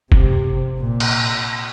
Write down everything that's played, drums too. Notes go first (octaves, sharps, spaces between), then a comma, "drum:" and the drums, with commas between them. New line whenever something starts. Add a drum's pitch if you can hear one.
C3, drum: kick
A#2
drum: cymbal